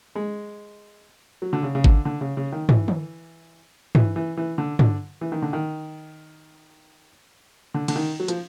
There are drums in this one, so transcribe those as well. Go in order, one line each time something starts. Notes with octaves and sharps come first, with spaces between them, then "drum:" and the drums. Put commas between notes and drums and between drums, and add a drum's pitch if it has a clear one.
G#3
F#3
D3
C#3
C#3
D3, drum: kick G#1
D3
C#3
C#3
D#3
E3, drum: tom
drum: tom
E3, drum: tom
E3
E3
D3
D3, drum: tom
E3
D#3
D3
D#3
D3
D3, drum: cymbal
D#3
F#3
F3, drum: hi-hat